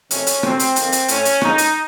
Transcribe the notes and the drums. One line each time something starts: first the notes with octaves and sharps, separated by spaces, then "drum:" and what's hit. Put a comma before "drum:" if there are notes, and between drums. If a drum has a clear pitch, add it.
F2 C3 D#3 F#3 A3 C#4, drum: hi-hat
drum: hi-hat
C3 F#3 A3 C4, drum: rim click
drum: hi-hat
F2 D#3 A#3 C4, drum: hi-hat
drum: hi-hat
A2 A3 C#4, drum: hi-hat
drum: hi-hat
F2 C#3 F3 A#3 D#4, drum: rim click
drum: hi-hat